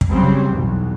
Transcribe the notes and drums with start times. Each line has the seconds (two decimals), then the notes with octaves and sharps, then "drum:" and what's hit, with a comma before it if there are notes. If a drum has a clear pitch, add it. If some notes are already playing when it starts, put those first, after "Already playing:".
0.01 drum: kick
0.10 C#3 F#3 G3 C4
0.47 B1 E2